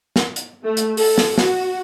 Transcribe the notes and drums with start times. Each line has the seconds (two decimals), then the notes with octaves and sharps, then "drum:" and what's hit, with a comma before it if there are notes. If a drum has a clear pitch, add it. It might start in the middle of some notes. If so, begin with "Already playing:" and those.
0.16 drum: snare
0.36 drum: hi-hat
0.64 A3
0.77 drum: hi-hat
0.97 A4, drum: open hi-hat
1.18 drum: snare
1.38 F#4, drum: snare